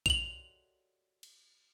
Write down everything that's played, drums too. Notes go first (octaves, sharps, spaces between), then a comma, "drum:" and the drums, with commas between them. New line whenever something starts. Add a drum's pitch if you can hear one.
F7 F#7, drum: kick A#1
drum: cymbal